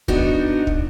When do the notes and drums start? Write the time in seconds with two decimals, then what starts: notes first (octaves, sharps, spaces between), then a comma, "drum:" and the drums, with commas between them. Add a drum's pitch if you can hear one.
0.08 B3 D4 D#4 F#4, drum: kick
0.67 drum: kick